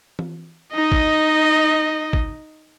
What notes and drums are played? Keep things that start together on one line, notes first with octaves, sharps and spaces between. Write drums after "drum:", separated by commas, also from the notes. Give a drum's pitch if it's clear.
drum: tom E3
D#4 D#5
drum: kick
drum: kick